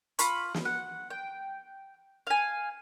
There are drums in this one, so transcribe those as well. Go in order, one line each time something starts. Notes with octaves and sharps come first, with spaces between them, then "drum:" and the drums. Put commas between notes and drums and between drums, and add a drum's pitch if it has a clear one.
F4 B5 C#6, drum: hi-hat
drum: snare
F#5
G5
F5 G#5